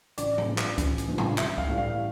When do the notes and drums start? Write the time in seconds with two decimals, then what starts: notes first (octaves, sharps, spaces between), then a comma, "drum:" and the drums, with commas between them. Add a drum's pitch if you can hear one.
0.18 A1 D5, drum: hi-hat
0.38 drum: tom A2
0.48 G2 F3
0.58 drum: clap
0.78 A1, drum: kick C#2, hi-hat
0.98 drum: hi-hat
1.08 G2 F3
1.18 drum: tom A2
1.38 A1 E5, drum: clap
1.58 F5, drum: kick C#2
1.68 A2 E3 G3
1.78 F5